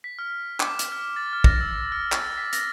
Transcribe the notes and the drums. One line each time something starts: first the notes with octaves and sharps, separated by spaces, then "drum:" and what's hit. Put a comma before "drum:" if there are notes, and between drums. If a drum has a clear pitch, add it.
B6
F6
D6, drum: clap
drum: hi-hat
F6
A6
F6
A#6, drum: kick
E6
F6
A6, drum: clap
B6
A#6, drum: hi-hat